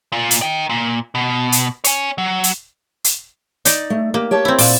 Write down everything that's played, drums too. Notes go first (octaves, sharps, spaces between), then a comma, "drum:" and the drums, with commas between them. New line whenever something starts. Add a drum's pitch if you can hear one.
A#2 F4
drum: hi-hat
D#3 G5
A#2
B2
drum: hi-hat
C#5 G#5, drum: hi-hat
F#3
drum: hi-hat
drum: hi-hat
D#4 D5, drum: hi-hat
A3
A#3 G4
G4 C#5 A5
C4 E4
A#2 D5, drum: open hi-hat